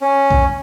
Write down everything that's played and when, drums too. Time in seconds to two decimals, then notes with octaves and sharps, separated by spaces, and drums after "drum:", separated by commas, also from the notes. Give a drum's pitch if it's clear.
0.01 C#4
0.31 drum: kick A#1